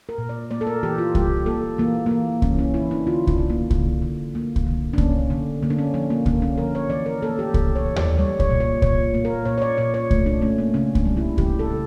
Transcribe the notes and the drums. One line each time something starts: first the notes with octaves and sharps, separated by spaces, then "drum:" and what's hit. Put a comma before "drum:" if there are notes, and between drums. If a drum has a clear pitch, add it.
A#4
A#2
D5
A#3 D5
A4
A#4
E3 G4
F4
G3 G4, drum: kick C2
A#3 A4
E3 A#3
E3 A#3
E3 C#4, drum: kick C2
C#4
E3 E4
D4
D3 F4
D4, drum: kick C2
D3
A#3
D3, drum: kick C2
D3
A#3
drum: kick C2
D3
D4
A#3 C#4, drum: kick C2
D3
D3 A#3
D4
C#4
F3 D4
A#3
D3 A#3, drum: kick C2
C#4
F3 A#4
C#5
E3 D5
A#4
A#3 A4
G4
E3 A4, drum: kick C2
C#5
E3
D5, drum: tom D#2
G3 C#5
C#5, drum: kick C2
A#2
C#5
A#2 C#5, drum: kick C2
A#3
A#4
A#2 C#5
C#5
D5
A#2 C#5
C#5
A3, drum: kick C2
D4
A3 C#4
A#3
C#3 C#4
D4, drum: kick C2
G3
E4
G3 G4, drum: kick C2
A4
C#3